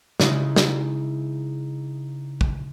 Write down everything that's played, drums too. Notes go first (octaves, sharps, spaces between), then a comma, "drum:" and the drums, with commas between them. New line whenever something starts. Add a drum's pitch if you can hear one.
C#3 G#3 D#4 E4, drum: snare
drum: snare
drum: kick